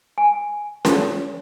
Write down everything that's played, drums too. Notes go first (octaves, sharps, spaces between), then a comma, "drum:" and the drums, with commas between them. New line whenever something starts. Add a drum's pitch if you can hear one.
G#5
drum: snare C#4